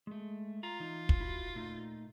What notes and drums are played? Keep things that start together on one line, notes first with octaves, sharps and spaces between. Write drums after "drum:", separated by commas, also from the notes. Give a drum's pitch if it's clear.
G#3 A3
F4 A#5
E3 D#4
drum: kick
E4 F#4
A#2 A3 D#4